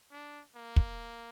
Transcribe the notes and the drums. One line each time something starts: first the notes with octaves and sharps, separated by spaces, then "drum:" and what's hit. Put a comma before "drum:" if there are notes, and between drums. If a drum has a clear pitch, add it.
D4
A#3
drum: kick